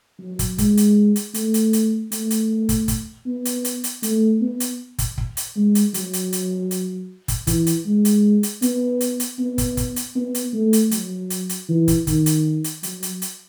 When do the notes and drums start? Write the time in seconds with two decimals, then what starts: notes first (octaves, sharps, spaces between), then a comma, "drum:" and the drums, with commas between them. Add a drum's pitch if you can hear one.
0.20 F#3
0.39 drum: kick, hi-hat
0.58 G#3, drum: kick, hi-hat
0.77 drum: hi-hat
1.16 drum: hi-hat
1.34 A3, drum: hi-hat
1.54 drum: hi-hat
1.73 drum: hi-hat
2.12 A3, drum: hi-hat
2.31 drum: hi-hat
2.69 drum: kick, hi-hat
2.88 drum: kick, hi-hat
3.26 B3
3.45 drum: hi-hat
3.65 drum: hi-hat
3.84 drum: hi-hat
4.03 A3, drum: hi-hat
4.41 B3
4.60 drum: hi-hat
4.99 drum: kick, hi-hat
5.18 drum: kick
5.37 drum: hi-hat
5.56 G#3
5.75 drum: hi-hat
5.94 F#3, drum: hi-hat
6.13 drum: hi-hat
6.33 drum: hi-hat
6.71 drum: hi-hat
7.28 drum: kick, hi-hat
7.47 E3, drum: kick, hi-hat
7.67 drum: hi-hat
7.86 G#3
8.05 drum: hi-hat
8.43 drum: hi-hat
8.62 B3, drum: hi-hat
9.01 drum: hi-hat
9.20 drum: hi-hat
9.39 B3
9.58 drum: kick, hi-hat
9.77 drum: kick, hi-hat
9.96 drum: hi-hat
10.15 B3
10.35 drum: hi-hat
10.53 A3
10.73 drum: hi-hat
10.91 F#3, drum: hi-hat
11.30 drum: hi-hat
11.49 drum: hi-hat
11.69 E3
11.88 drum: kick, hi-hat
12.07 D#3, drum: kick, hi-hat
12.26 drum: hi-hat
12.64 drum: hi-hat
12.83 F#3, drum: hi-hat
13.03 drum: hi-hat
13.22 drum: hi-hat